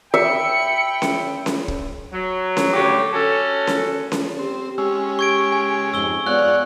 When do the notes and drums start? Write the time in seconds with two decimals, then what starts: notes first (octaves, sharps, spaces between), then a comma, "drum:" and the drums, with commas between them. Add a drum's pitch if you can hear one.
0.14 E5 G5 B5 C#7
1.02 drum: snare C#4
1.46 drum: snare C#4
1.68 drum: kick
2.13 F#3
2.57 drum: snare C#4
2.73 D2 G2 D3 G4 C#5
3.13 C#4 F#4 A4
3.67 drum: snare C#4
4.12 drum: snare C#4
4.39 C4 G4
4.78 G#3 C#4 E6
5.19 C#6 G#6 D7
5.52 G#5
5.94 F2 G#2 E6 G7
6.27 G#3 B3 F4 C#5 D5 F#5 F#6